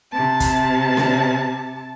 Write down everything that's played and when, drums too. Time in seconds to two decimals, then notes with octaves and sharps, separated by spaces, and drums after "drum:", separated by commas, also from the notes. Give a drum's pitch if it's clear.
0.12 C3 A5
0.40 drum: kick, hi-hat
0.97 drum: snare C#4